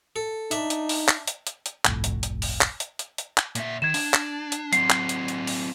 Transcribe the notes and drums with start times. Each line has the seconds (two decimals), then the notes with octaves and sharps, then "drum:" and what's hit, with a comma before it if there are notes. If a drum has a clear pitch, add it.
0.16 A4
0.51 D4 D#4 E5, drum: hi-hat
0.70 drum: hi-hat
0.89 drum: open hi-hat
1.08 drum: clap
1.28 drum: hi-hat
1.47 drum: hi-hat
1.66 drum: hi-hat
1.85 G1 C2 F2 A2, drum: clap
2.04 drum: hi-hat
2.23 drum: hi-hat
2.42 drum: open hi-hat
2.61 drum: clap
2.80 drum: hi-hat
2.99 drum: hi-hat
3.18 drum: hi-hat
3.37 drum: clap
3.55 A#2 E5, drum: hi-hat
3.82 D#3 G#6 E7
3.94 D4, drum: open hi-hat
4.14 drum: clap
4.52 drum: hi-hat
4.73 F#3 C4 C7, drum: hi-hat
4.90 drum: clap
5.09 drum: hi-hat
5.28 drum: hi-hat
5.47 drum: open hi-hat